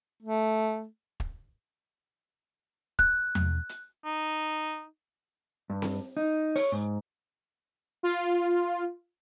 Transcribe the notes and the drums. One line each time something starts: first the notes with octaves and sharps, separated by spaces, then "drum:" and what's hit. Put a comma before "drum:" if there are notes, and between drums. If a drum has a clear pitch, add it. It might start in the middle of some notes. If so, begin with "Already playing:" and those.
A3
drum: kick
F#6, drum: kick
drum: tom E2
drum: hi-hat
D#4
G2
drum: snare C4
D#4
C#5, drum: open hi-hat
G#2
F4